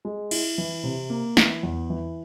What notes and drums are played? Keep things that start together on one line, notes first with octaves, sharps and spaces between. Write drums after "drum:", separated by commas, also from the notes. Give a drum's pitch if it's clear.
G#3
E4, drum: cymbal
E3
C3
A#3
E3, drum: snare
E2
E3